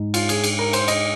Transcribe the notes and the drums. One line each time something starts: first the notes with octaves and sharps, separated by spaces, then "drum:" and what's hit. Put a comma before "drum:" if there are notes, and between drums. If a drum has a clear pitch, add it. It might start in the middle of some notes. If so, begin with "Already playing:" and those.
Already playing: G#2 G#3 D#4
F4, drum: cymbal
G#4, drum: cymbal
drum: cymbal
A#4
C5, drum: cymbal
D#5, drum: cymbal